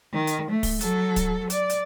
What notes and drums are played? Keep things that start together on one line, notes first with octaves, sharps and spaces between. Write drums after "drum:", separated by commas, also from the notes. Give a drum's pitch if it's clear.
D#3
drum: hi-hat
A3
drum: kick, open hi-hat
F#3 A4, drum: hi-hat
drum: kick, hi-hat
D5, drum: hi-hat
drum: hi-hat